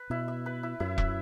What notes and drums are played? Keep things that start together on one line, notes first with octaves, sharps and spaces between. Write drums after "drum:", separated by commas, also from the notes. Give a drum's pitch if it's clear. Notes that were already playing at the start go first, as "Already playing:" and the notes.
Already playing: B4
B2 E4
E5
B4
E4
F#2 E4
E5, drum: kick E1